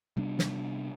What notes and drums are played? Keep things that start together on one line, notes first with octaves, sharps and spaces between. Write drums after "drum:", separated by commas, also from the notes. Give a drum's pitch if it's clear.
C3 G3 B3 D4
drum: snare